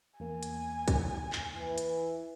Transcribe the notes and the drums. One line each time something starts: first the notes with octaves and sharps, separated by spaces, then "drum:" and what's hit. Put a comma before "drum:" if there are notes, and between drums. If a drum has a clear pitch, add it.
E2 A#3 G#5
drum: hi-hat
drum: kick, hi-hat
drum: clap
E3
drum: hi-hat